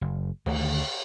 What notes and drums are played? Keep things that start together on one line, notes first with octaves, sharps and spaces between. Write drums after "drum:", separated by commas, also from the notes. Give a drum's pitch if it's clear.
F#1
D2 D3 D#3 A3, drum: cymbal